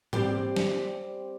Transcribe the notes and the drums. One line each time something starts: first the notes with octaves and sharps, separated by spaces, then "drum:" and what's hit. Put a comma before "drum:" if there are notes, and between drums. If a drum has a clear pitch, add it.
G3 C4 G4 C5 D5 G5, drum: tom
drum: snare